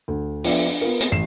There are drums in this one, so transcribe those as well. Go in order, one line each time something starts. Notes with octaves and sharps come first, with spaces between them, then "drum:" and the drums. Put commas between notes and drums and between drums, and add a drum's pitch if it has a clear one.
D2
F3 B3 D4 D5 E5, drum: open hi-hat
D4
B3 F4 A#4
drum: hi-hat
A1 C7 E7